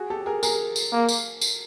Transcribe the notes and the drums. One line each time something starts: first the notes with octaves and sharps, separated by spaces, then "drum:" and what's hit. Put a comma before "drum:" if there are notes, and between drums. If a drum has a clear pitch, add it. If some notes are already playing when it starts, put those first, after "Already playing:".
Already playing: F#4 G#4
G4 A4
G#4 A#4
G#4 A#4, drum: tambourine
drum: tambourine
A#3
drum: tambourine
drum: tambourine